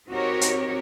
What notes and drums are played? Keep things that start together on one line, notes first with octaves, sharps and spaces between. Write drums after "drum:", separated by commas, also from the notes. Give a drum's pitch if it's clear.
C4 D#4 F#4 G4 A#4 C#5
drum: hi-hat